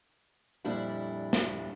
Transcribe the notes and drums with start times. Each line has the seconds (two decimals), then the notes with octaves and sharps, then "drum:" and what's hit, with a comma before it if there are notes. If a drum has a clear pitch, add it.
0.65 F2 A#2 G3 D4 E4
1.33 drum: snare